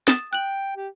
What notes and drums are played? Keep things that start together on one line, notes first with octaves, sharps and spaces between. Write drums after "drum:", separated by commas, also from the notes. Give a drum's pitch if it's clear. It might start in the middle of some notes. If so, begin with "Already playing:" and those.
D#6 A6 E7, drum: snare
G5 F#6 F#7
G4